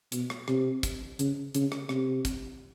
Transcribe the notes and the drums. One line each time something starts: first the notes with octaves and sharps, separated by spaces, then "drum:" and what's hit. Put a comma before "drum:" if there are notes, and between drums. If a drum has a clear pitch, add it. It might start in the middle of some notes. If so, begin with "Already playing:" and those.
B2, drum: hi-hat
drum: rim click
C3, drum: rim click
drum: kick, hi-hat
C#3, drum: hi-hat
C#3, drum: hi-hat
drum: rim click
C3, drum: rim click
drum: kick, hi-hat